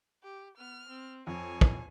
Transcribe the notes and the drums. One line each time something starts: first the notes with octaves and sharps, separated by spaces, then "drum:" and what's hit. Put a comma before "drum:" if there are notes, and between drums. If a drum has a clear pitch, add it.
G4
B3 F6
C4
F2 C#5 G#5
drum: kick